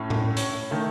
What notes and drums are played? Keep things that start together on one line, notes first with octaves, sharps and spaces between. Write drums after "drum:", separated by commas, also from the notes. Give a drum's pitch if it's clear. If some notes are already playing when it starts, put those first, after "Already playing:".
Already playing: A2 A3 C#4
drum: tom A2
C#5, drum: hi-hat
D#3 A3